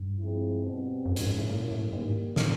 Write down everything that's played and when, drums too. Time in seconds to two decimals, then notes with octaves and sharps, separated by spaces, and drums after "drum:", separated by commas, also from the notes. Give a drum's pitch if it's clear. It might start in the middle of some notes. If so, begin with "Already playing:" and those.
Already playing: G2
0.19 F3 G#3 C4 E4
0.62 B2 G3 C4
1.05 F#2 F3 G#3 C#4
1.16 G#2, drum: hi-hat
1.27 G#2
1.38 A2
1.49 A#2 F#3 A#3 C#4 E4
1.71 A2
1.92 G#2 D#3 G3 A#3
2.36 A2, drum: snare